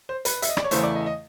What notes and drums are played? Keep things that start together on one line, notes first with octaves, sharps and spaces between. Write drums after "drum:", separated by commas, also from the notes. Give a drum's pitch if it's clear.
C5
B4, drum: hi-hat
E5, drum: hi-hat
D#5
D5, drum: rim click
C#5
E2 C#3 E3 A3 C5, drum: hi-hat
D5
D#5
D#5